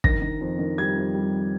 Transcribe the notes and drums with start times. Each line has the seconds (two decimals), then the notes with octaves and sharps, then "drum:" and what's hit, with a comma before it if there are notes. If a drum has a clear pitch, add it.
0.04 D#3 A#6, drum: kick
0.22 D#3
0.41 F2
0.59 D#3
0.78 G3 G#6
0.96 F2
1.14 G3